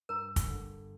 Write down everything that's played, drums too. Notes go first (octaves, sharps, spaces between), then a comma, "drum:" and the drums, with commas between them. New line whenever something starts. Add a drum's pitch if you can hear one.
G2 A#4 A#5
drum: kick, hi-hat
D3